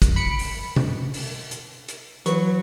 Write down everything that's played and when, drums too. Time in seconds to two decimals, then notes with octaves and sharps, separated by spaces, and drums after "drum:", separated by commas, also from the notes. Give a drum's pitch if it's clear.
0.02 drum: kick, hi-hat
0.16 B5 C#7 D7
0.39 drum: open hi-hat
0.76 drum: tom B2
1.14 drum: open hi-hat
1.51 drum: hi-hat
1.88 drum: hi-hat
2.26 E3 F#3 B4 C#6, drum: hi-hat